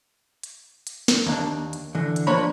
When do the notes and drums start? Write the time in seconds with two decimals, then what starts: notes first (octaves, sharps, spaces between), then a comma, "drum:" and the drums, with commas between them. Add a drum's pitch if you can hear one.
0.43 drum: hi-hat
0.87 drum: hi-hat
1.08 drum: snare
1.26 D#2 A#3 D4
1.73 drum: hi-hat
1.95 D3 E3
2.16 drum: hi-hat
2.27 F3 A#3 D4 B4 C#5 B5